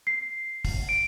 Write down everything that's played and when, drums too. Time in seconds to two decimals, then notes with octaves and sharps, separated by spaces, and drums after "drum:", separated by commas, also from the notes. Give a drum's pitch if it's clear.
0.07 C7
0.65 drum: kick, open hi-hat
0.89 D7